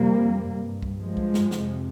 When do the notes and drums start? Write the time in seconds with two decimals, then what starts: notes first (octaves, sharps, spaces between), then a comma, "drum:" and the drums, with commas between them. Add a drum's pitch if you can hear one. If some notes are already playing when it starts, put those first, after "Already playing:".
Already playing: F2 C3 G3 A#3
0.48 G2
0.82 drum: kick C2
1.00 F3 G#3
1.17 drum: kick C2
1.34 drum: snare
1.51 F2 C3, drum: snare